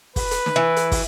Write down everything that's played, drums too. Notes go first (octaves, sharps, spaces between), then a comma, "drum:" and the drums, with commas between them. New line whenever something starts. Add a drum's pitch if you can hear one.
B4, drum: kick, open hi-hat
drum: hi-hat
drum: snare
E3
drum: hi-hat
drum: kick, open hi-hat